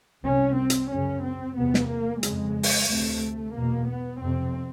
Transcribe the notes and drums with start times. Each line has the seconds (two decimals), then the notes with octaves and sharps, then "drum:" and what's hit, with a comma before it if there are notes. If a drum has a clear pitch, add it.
0.24 C2 C3 C#4
0.57 C4
0.70 drum: hi-hat
0.91 F#2 C#3 C#4
1.24 C4
1.56 E2 C3 B3
1.74 drum: snare
1.90 A#3
2.23 F2 C#3 G#3, drum: hi-hat
2.63 drum: open hi-hat
2.89 D2 C3 A3
3.55 E2 B2 A#3
3.89 B3
4.22 F2 C3 C4